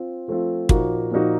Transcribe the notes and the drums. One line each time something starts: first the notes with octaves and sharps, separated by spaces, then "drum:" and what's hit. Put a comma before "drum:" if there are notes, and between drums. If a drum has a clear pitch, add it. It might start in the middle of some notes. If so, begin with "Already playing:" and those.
Already playing: C4 F4
F3 A3 C4 F4
A#2 F3 A#3 D#4 F#4, drum: kick
A#2 F3 A#3 D#4 F#4